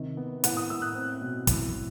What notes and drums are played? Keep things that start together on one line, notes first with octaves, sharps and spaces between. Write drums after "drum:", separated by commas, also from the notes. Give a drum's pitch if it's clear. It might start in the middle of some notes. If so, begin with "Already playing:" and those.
Already playing: C3 D#3
B3
A2 F#5, drum: hi-hat
D#6
A2 E6
F#6
C4
B2
A2, drum: kick, hi-hat
A2